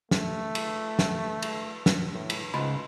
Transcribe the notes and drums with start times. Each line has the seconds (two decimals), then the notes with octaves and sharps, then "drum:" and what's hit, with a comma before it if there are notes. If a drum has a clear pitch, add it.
0.11 A3, drum: snare
0.55 drum: cymbal
0.99 drum: snare
1.42 drum: cymbal
1.86 drum: snare
2.12 A2
2.30 drum: cymbal
2.54 C#2 G#2 F4 B5